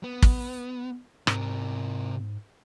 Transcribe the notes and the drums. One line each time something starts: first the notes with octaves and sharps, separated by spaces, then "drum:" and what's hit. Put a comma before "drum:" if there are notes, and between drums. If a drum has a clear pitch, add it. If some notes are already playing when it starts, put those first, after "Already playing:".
B3
drum: kick
G#2 C3 A#4, drum: rim click